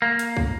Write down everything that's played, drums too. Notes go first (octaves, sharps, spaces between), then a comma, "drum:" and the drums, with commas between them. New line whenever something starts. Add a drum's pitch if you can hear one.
A#3
drum: hi-hat
drum: kick